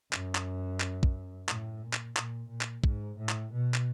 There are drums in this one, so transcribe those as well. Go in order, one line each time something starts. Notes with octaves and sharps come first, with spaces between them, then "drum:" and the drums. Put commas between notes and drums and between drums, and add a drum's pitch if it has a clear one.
F#2, drum: clap
drum: clap
drum: clap
drum: kick
A2, drum: clap
A#2
drum: clap
A#2, drum: clap
A#2
drum: clap
G#2, drum: kick
A2
drum: clap
B2
drum: clap